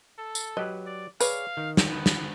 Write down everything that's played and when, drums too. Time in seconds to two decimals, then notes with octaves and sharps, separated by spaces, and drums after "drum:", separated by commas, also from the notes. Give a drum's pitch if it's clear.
0.18 A4
0.35 drum: tambourine
0.57 F#3 G4 B4 D#5
0.86 D5
1.20 G#4 B4 C#5 D5 F5, drum: tambourine
1.57 D#3
1.77 drum: snare
1.89 B3
2.06 drum: snare